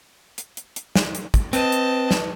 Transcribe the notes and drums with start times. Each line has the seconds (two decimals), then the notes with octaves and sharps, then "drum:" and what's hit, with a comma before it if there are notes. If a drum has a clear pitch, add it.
0.38 drum: hi-hat
0.57 drum: hi-hat
0.76 drum: hi-hat
0.95 drum: snare
1.15 drum: hi-hat
1.34 drum: kick, hi-hat
1.53 C4 B4 D#5 A5, drum: hi-hat
1.72 drum: hi-hat
2.11 drum: snare